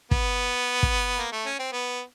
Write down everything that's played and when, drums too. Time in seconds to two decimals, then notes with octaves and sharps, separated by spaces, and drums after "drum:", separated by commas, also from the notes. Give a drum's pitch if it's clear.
0.11 B3, drum: kick
0.83 drum: kick
1.18 A#3
1.32 A3
1.45 C#4
1.59 C4
1.72 B3